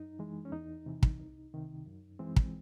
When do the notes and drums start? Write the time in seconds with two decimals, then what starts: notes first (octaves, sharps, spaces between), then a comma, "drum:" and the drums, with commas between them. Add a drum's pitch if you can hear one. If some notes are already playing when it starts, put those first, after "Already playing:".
Already playing: F#2 D#4
0.19 E3 G#3
0.45 C#4
0.52 E2 D#4
0.86 C3 E3
1.03 drum: kick
1.19 C2
1.53 C3 D#3
1.86 F#2
2.19 E3 G#3 C4
2.36 drum: kick